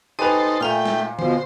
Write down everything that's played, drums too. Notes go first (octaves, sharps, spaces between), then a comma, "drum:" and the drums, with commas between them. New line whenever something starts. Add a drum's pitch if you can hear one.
D#4 G4 A4 B4 C5 G#5 A#5
A#2 A3 G5 G#5 A#5 F6
drum: snare
B2 F3 C5, drum: tom D3